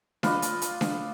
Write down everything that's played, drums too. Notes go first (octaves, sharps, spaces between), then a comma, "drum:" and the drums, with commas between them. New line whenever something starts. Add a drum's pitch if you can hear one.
F4 B4 D5 D#5, drum: snare D4
drum: hi-hat
drum: hi-hat
drum: snare D4